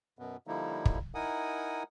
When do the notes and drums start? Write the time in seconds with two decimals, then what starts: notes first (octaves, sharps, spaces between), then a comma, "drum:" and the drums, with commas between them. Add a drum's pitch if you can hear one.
0.19 F#2 B2 B3
0.47 D3 F3 G3 A#3 D#4 E4
0.85 drum: kick
1.15 D#4 E4 A#4 F#5 G#5 D#6